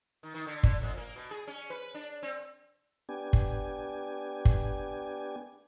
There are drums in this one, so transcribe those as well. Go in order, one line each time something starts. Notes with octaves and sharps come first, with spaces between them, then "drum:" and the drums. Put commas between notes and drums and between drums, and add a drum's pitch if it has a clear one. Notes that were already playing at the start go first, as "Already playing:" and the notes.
D#3
D#3
D3
D3, drum: kick
F2
A#3
B2
G#4
C#4
B4
D4
C4
B3 D4 G4 G#5
drum: kick
drum: kick